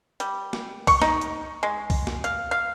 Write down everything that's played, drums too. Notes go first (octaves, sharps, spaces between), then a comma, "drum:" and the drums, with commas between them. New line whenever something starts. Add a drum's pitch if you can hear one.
G3, drum: hi-hat
drum: snare
C#6, drum: kick C2, open hi-hat
D#4, drum: snare
drum: hi-hat
G#3
drum: kick C2, open hi-hat
drum: snare
F5, drum: hi-hat
F5